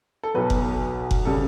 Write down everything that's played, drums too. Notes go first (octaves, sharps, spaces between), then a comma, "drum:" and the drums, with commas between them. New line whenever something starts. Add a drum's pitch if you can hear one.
A4
B1 B2 F#3 B4
drum: kick F#1
drum: kick F#1
C#3 G3 A4